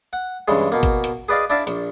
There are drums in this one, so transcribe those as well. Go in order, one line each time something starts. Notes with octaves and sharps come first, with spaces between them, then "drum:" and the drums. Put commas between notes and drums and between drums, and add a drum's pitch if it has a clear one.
F#5
G2 C#3 E3 G#3
B2 A#3
drum: kick, hi-hat
drum: hi-hat
G#4 B4 D5 D#5 F5
D4 E4 D5 E5 F5
A#1, drum: hi-hat